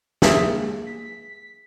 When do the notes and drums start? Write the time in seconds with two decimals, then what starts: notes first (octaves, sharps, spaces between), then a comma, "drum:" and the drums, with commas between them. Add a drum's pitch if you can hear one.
0.22 A#3 G#4 E5, drum: snare
0.87 B6